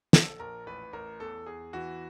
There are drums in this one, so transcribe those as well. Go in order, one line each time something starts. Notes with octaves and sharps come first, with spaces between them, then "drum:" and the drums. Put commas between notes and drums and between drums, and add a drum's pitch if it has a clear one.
A#1 A4, drum: snare
A#1 A#4
A1 B4
A1 A#4
E2 A4
E2 G#4
E3 F#4